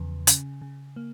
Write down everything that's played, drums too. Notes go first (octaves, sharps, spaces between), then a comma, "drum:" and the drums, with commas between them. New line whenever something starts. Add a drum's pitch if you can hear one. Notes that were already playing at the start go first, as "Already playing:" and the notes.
Already playing: E2 C#3 F3
C#3, drum: hi-hat
C#3
A#3